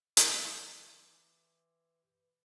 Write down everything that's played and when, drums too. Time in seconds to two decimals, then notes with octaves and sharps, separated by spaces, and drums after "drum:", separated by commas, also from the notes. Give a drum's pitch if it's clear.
0.17 E3 G4 C6, drum: hi-hat